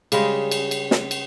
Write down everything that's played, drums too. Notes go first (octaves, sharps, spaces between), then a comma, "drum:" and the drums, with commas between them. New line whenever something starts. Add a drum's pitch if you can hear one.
C#3 G3 G#3, drum: cymbal
drum: cymbal
drum: cymbal
drum: snare
drum: cymbal